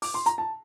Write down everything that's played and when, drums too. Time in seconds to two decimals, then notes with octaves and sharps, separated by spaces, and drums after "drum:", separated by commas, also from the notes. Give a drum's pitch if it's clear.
0.02 D6, drum: open hi-hat
0.14 C6
0.26 A#5, drum: hi-hat
0.38 A5